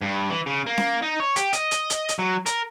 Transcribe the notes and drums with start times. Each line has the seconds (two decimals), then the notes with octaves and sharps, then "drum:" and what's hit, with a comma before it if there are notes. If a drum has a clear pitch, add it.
0.01 G2
0.30 E3
0.47 C#3
0.67 A#3
0.78 drum: snare C#4
1.02 D#4
1.20 C#5
1.36 G4, drum: hi-hat
1.53 D#5, drum: hi-hat
1.71 drum: hi-hat
1.90 drum: hi-hat
2.09 drum: hi-hat
2.19 F#3
2.46 A#4, drum: hi-hat